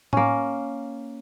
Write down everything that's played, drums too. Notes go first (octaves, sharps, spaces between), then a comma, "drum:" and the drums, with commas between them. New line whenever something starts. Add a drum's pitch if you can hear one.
A#3 C#4, drum: tom A2